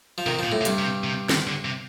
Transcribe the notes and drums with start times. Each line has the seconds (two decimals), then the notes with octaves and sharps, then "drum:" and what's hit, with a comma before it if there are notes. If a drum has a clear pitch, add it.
0.18 F3
0.26 C3 D#3
0.39 A#2 F3
0.52 A2
0.61 C3
0.65 G2, drum: hi-hat
0.78 C3
1.04 C3
1.29 D#3, drum: snare
1.47 D3
1.65 C3